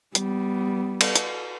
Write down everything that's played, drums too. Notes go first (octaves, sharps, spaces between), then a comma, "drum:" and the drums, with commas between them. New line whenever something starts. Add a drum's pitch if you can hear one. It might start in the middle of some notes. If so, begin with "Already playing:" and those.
G3 B3, drum: hi-hat
drum: cymbal
drum: hi-hat